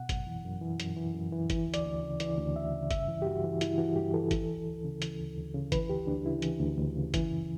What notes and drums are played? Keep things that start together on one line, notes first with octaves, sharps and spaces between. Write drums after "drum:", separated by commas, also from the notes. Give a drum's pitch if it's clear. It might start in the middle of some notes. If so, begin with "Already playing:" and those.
Already playing: B2 F#5
F#2, drum: kick, hi-hat
E3
F#2
E3
F#2, drum: hi-hat
E3
F#2
E3
E3, drum: kick, hi-hat
D2
D5, drum: hi-hat
D2
C#3
E3 D5, drum: hi-hat
D2
D2 E5
C#3
G2 E5, drum: kick, hi-hat
E3
G4
G2 F#4
E3
G2 E4, drum: hi-hat
E3 F#4
G2 G4
E3 A4
E3, drum: kick, hi-hat
D2
D2
C#3
E3, drum: hi-hat
D2
D2
C#3
E3 B4, drum: kick, hi-hat
D2 G4
D2 D4
C#3 E4
E3, drum: hi-hat
D2
D2
C#3
E3, drum: kick, hi-hat
F#2